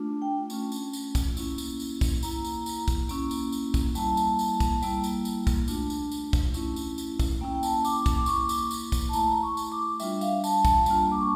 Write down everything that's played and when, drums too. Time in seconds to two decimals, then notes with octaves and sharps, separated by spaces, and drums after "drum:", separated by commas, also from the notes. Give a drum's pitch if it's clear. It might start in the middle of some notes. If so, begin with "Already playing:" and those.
Already playing: A3 D4 F4
0.22 G5
0.50 A3 C#4 F4, drum: tambourine
0.72 drum: tambourine
0.93 drum: tambourine
1.15 drum: kick, tambourine
1.37 A#3 C#4 E4, drum: tambourine
1.58 drum: tambourine
1.80 drum: tambourine
2.01 drum: kick, tambourine
2.23 A#3 E4 A#5, drum: tambourine
2.44 drum: tambourine
2.66 drum: tambourine
2.88 drum: kick, tambourine
3.09 A#3 C#4 E4, drum: tambourine
3.31 drum: tambourine
3.52 drum: tambourine
3.74 drum: kick, tambourine
3.95 G3 A#3 E4 A5, drum: tambourine
4.17 drum: tambourine
4.39 drum: tambourine
4.60 drum: kick, tambourine
4.83 G3 A#3 E4, drum: tambourine
5.04 drum: tambourine
5.25 drum: tambourine
5.47 drum: kick, tambourine
5.68 A3 D4 F4, drum: tambourine
5.90 drum: tambourine
6.12 drum: tambourine
6.33 drum: kick, tambourine
6.54 A3 C#4 E4, drum: tambourine
6.76 drum: tambourine
6.98 drum: tambourine
7.20 drum: kick, tambourine
7.41 A#3 C#4 E4 G5
7.55 G5
7.63 A5, drum: tambourine
7.85 D6, drum: tambourine
8.06 drum: kick, tambourine
8.17 D6
8.26 A#3 E4 C#6, drum: tambourine
8.36 D6
8.49 drum: tambourine
8.71 drum: tambourine
8.92 drum: kick, tambourine
9.09 A5
9.13 A3 E4 A#5, drum: tambourine
9.43 C#6
9.57 drum: tambourine
9.72 D6
10.00 G3 D4 F4 E5, drum: tambourine
10.21 F5, drum: tambourine
10.44 A5, drum: tambourine
10.65 A5, drum: kick, tambourine
10.86 G3 A#3 D4 F4 A5, drum: tambourine
11.11 D6
11.21 C#6